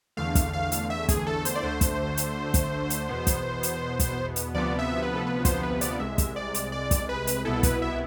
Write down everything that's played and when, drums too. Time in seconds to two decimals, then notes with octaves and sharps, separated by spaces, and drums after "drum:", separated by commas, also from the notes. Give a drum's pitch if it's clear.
0.17 E2 D3 A3 F5
0.35 drum: kick, hi-hat
0.53 F5
0.72 drum: hi-hat
0.90 E5
1.09 G#4, drum: kick, hi-hat
1.27 A4
1.45 C5, drum: hi-hat
1.55 D5
1.63 D2 D3 A3 C5
1.81 drum: kick, hi-hat
2.17 drum: hi-hat
2.54 drum: kick, hi-hat
2.90 drum: hi-hat
3.09 E2 B2 B3
3.27 drum: kick, hi-hat
3.63 drum: hi-hat
4.00 drum: kick, hi-hat
4.36 drum: hi-hat
4.54 D2 C3 F3 B3 D5
4.79 E5
5.02 B4
5.15 A4
5.27 B4
5.45 C5, drum: kick, hi-hat
5.63 B4
5.81 D5, drum: hi-hat
6.00 C2 C3 G#3 E5
6.18 drum: kick, hi-hat
6.36 D5
6.54 drum: hi-hat
6.72 D5
6.91 drum: kick, hi-hat
7.09 B4
7.27 drum: hi-hat
7.45 C2 B2 B3 E4 A4
7.63 B4, drum: kick, hi-hat
7.82 E5